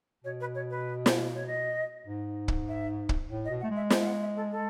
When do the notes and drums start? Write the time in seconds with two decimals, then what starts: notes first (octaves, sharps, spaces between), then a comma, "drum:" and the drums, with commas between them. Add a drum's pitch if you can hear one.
0.24 B2 C#5
0.40 B4
0.55 C#5
0.70 B4
1.06 drum: snare
1.35 C#5
1.47 D#5
2.07 G#2
2.48 drum: kick
2.68 E5
3.09 drum: kick
3.29 A2
3.45 D#5
3.50 B2
3.60 F#5
3.63 A3
3.70 G#3
3.75 E5
3.90 drum: snare
4.00 E5
4.06 F#5
4.21 E5
4.36 A4
4.51 A4